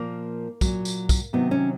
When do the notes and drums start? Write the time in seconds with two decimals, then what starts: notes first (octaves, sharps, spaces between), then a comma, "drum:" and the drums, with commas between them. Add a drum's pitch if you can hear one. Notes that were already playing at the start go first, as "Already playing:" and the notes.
Already playing: A#2 F3 A#3
0.61 A#2 F#3, drum: kick, tambourine
0.85 drum: tambourine
1.09 drum: kick, tambourine
1.33 C3 D#3 F#3 B3
1.51 C#4